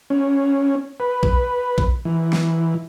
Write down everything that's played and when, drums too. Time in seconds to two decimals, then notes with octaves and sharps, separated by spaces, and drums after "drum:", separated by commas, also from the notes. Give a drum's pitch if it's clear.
0.10 C#4
1.00 B4
1.23 drum: kick A#1
1.78 drum: kick A#1
2.05 E3
2.33 drum: snare